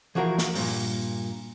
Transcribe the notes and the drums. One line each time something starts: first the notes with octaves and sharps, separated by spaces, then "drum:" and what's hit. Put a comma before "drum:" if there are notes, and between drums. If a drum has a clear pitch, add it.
E3 F3 F#4 G#4 A#4
drum: snare
G2 A#2, drum: open hi-hat